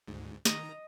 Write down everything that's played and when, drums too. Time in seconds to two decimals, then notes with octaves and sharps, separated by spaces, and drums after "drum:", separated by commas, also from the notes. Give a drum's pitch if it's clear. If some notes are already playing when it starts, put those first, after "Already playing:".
0.08 D2 G#2
0.45 D#3 D#5 A#5, drum: snare